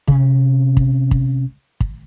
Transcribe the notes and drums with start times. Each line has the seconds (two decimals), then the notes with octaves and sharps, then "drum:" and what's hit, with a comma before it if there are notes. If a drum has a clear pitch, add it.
0.07 C3 C#4, drum: kick
0.77 drum: kick
1.11 drum: kick
1.80 drum: kick